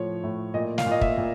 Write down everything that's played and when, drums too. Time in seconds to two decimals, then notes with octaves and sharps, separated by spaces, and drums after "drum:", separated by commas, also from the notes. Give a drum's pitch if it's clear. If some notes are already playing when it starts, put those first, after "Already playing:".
Already playing: A2 F3 C#5
0.24 A2
0.54 A#2 D#5
0.78 F5, drum: snare
0.86 A#2
0.91 D#5
1.01 E5, drum: kick
1.17 A#2